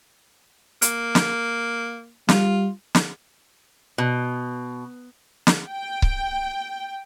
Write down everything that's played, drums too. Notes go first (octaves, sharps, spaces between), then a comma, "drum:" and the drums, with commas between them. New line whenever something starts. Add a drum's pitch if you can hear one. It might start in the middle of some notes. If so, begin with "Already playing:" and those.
A#3, drum: hi-hat
drum: snare
G3 F4, drum: snare
drum: snare
B2
drum: snare
G5
drum: kick C#1